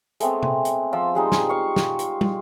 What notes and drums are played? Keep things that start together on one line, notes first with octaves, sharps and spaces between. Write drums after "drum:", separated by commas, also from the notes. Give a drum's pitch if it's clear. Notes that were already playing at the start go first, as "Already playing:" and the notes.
G#3 A3 B3 C4, drum: hi-hat
drum: tom C3
drum: hi-hat
F3 F4 E6
G3 G#3 D#4
drum: snare
F5 C#6
drum: snare
drum: hi-hat
drum: tom